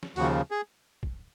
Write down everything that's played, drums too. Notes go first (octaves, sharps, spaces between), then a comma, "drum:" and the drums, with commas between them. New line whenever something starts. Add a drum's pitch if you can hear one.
drum: snare
D#2 C#3 F3 F#4, drum: open hi-hat
G#4
drum: kick